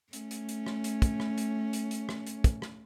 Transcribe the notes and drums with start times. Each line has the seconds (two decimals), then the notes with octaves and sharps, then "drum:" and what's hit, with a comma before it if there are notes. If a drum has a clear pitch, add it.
0.13 A3 C#4, drum: hi-hat
0.31 drum: hi-hat
0.49 drum: hi-hat
0.66 drum: rim click
0.84 drum: hi-hat
1.02 drum: kick, hi-hat
1.20 drum: rim click
1.38 drum: hi-hat
1.73 drum: hi-hat
1.91 drum: hi-hat
2.09 drum: rim click
2.27 drum: hi-hat
2.44 drum: kick, hi-hat
2.62 drum: rim click